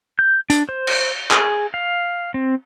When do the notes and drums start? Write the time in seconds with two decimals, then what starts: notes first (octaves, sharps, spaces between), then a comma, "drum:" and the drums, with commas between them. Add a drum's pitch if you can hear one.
0.19 G6
0.50 D4, drum: hi-hat
0.69 C5
0.87 drum: cymbal
1.31 G#4, drum: clap
1.74 F5
2.34 C4